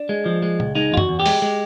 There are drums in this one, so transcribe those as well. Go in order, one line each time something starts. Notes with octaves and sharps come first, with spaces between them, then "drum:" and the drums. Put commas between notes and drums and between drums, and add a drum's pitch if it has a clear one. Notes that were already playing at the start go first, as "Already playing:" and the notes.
Already playing: D4
G#3
F3
G#3
C#2, drum: tom A#2
G#3 D#4
E2 F4
F#4, drum: tom
E2
G4
G#3, drum: open hi-hat
G#3